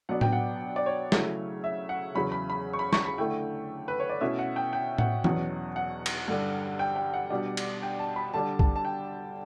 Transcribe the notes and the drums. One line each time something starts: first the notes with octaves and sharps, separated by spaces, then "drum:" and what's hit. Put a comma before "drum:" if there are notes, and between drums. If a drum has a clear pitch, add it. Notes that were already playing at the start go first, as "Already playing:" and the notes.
B2 F#3 B3 D4 F#5
G5, drum: tom A2
F#5
D5
C#5
C#3 F#3 A3 E4, drum: snare
E5
F#5
E2 C#3 F#3 C#4 B5
B5
B5
C#6
B5
C#6, drum: snare
B5
D3 A3 E4 G5
B4
C#5
D5
B2 A3 C#4 E4 E5
F#5
G5
G5
F#5, drum: tom A2
E2 B2 F#3 C#4, drum: tom E3
F#5
drum: cymbal
G2 D3 G3
G5
G5
F#5
B2 G3 D4
drum: cymbal
G5
A5
B5
D3 G3 D4 A5
A5, drum: kick
A5
G5